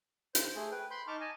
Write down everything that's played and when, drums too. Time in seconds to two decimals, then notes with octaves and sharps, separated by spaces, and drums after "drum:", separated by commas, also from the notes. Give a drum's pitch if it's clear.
0.35 C5, drum: hi-hat
0.55 A3 G#4
0.72 B4 G5
0.91 B5 C6 G6
1.08 D#4 A5 C#6 D6 F6
1.20 D#5 G#5 A5